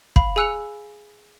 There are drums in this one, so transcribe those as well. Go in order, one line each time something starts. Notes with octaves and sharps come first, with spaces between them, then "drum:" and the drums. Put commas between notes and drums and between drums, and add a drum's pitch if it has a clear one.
F5 B5, drum: kick
G#4 G#5 E6 F#6 C#7 F7